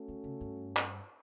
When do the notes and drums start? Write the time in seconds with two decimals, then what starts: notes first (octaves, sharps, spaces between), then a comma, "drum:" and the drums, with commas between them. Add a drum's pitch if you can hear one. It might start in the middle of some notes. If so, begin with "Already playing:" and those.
Already playing: A3 C#4 F#4 A4
0.08 D3
0.24 C#3
0.41 G2
0.77 drum: clap